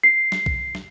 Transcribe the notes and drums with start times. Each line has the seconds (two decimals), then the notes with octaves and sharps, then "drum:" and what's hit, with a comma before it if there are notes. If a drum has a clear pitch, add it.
0.03 C7
0.32 drum: snare
0.46 drum: kick B1
0.75 drum: snare